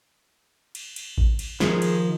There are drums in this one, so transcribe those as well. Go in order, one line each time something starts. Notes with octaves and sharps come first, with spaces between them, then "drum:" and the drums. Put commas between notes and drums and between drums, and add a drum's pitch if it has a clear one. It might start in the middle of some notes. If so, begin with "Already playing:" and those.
drum: cymbal
drum: cymbal
drum: kick A1
drum: cymbal
D#3 F3 G#4, drum: snare
drum: cymbal